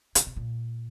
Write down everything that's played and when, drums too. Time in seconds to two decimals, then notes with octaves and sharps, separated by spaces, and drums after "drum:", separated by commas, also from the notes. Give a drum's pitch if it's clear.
0.15 D3, drum: hi-hat
0.26 C3
0.36 A#2